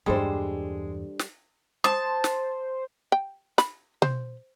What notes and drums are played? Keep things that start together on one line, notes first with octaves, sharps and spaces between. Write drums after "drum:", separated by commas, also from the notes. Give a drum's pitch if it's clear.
E2 G2 G3 G#3 D4 A4 C5
drum: snare
C5 A5 D#6
drum: snare
G5
B5, drum: snare
C5, drum: tom B2